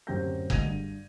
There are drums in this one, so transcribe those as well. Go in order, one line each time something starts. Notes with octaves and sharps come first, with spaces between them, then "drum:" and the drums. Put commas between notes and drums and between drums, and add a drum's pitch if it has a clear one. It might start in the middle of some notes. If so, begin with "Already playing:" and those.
D1 F#2 C4 G4 G6 A#6
D2 G#3 G#6 A#6 D#7 F7, drum: kick F#1
G2